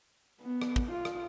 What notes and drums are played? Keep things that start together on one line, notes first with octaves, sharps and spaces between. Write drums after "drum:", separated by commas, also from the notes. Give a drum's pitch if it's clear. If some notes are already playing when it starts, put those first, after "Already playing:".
B3
drum: rim click
drum: kick
F4
drum: rim click